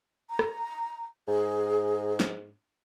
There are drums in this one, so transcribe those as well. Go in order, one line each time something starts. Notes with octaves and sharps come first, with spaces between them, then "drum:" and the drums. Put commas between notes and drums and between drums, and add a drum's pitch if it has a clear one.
A#5
drum: rim click
G#2 G#4
drum: snare